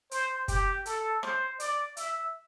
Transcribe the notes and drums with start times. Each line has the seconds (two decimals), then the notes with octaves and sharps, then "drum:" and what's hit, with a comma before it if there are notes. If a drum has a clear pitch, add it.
0.11 C5, drum: hi-hat
0.48 G4, drum: kick, hi-hat
0.86 A4, drum: hi-hat
1.23 C5, drum: rim click
1.60 D5, drum: hi-hat
1.97 E5, drum: hi-hat